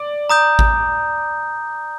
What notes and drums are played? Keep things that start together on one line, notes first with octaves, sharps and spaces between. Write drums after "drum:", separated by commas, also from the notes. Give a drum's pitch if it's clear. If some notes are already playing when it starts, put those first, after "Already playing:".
Already playing: D5
A#5 D#6 G6
drum: kick G#1